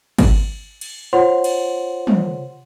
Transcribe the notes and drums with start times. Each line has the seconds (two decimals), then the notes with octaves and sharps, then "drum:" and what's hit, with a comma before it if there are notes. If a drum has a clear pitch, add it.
0.19 drum: kick, cymbal
0.81 drum: cymbal
1.13 F4 C5 C#5 F#5 C6
1.44 drum: cymbal
2.07 drum: tom